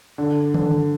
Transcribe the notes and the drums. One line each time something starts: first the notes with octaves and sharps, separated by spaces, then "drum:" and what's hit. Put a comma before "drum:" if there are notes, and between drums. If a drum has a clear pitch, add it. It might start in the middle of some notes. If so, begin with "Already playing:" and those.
D3
D3, drum: tom D#3